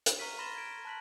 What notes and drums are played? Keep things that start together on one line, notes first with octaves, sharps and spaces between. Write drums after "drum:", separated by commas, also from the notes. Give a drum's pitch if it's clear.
drum: hi-hat
A#5 C#6 F6 B6 D#7
B5 C6 A6 A#6 E7 G7
G#6 D7
A5 C6 F#6 B6 F#7